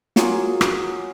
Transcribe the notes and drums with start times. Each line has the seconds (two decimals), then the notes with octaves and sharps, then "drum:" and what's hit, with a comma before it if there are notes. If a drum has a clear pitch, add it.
0.16 F#3 A#3 F4 G#4, drum: snare
0.61 drum: rim click